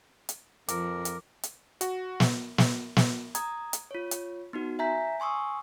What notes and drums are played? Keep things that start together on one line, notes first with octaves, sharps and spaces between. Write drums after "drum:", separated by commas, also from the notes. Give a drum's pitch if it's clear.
drum: hi-hat
F2 F3 A#4 D6, drum: hi-hat
drum: hi-hat
drum: hi-hat
F#4, drum: hi-hat
drum: snare
drum: snare
drum: snare
A#5 D#6 G#6, drum: hi-hat
drum: hi-hat
F4 C#5
drum: hi-hat
B3 D#4 F#4
E5 G#5 A#5 G6 B6
G#5 C6 C#6 D#6 E6